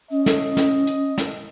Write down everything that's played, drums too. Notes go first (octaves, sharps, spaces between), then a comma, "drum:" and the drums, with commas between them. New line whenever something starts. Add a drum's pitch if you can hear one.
C#4 D#5
drum: snare
drum: snare
drum: hi-hat
drum: snare